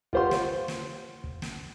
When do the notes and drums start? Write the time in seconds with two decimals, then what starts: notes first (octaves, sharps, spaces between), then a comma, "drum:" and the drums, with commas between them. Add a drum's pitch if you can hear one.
0.13 F4 G4 C5 F#5 C6, drum: kick
0.31 drum: snare
0.68 drum: snare
1.24 drum: kick
1.42 drum: snare